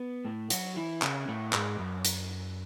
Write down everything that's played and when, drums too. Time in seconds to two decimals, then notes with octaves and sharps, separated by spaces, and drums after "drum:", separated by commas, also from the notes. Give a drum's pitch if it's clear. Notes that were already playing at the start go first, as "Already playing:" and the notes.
Already playing: B3
0.25 A2 A3
0.50 F#3 F#4, drum: hi-hat
0.76 E3 E4
1.02 C#3 C#4, drum: clap
1.28 A2 A3
1.53 G#2 G#3, drum: clap
1.79 F#2 F#3
2.05 drum: hi-hat